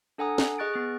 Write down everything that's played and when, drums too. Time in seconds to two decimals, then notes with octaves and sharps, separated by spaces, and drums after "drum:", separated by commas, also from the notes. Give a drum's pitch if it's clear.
0.18 D4 A4 F#5 G#5 A#5 D#6
0.38 drum: snare
0.58 G#4 D#5 C#6 F#6 A6 D7
0.73 B3 G#4